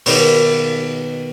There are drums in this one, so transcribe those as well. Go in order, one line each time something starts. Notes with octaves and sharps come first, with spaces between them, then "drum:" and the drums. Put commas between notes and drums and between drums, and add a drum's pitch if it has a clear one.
B2 D#3 A#3, drum: open hi-hat